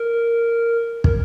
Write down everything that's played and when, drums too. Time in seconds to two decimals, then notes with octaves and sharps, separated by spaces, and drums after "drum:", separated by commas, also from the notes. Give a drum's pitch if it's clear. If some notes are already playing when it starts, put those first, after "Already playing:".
Already playing: A#4
1.04 A#4, drum: kick